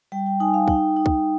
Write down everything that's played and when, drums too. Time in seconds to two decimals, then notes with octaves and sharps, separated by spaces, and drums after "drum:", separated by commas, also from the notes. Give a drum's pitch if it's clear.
0.12 G3 G5
0.26 G5
0.40 D#4 G#5
0.54 F5
0.68 D#4 G5, drum: kick
0.96 D#4
1.06 drum: kick